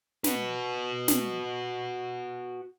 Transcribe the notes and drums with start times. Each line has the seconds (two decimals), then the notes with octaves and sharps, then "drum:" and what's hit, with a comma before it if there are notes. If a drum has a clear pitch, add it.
0.24 F#4 B4, drum: snare
1.08 drum: snare